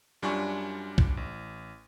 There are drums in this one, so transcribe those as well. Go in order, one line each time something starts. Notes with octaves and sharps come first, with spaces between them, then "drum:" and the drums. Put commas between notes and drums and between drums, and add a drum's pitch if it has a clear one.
F#2 G3 D4 F4 G#5 C#6
drum: kick B1
A1